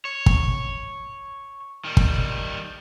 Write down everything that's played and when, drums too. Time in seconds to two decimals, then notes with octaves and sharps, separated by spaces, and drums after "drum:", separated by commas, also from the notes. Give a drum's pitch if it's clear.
0.05 C#5
0.26 drum: kick
1.85 D#3 G3
1.97 drum: kick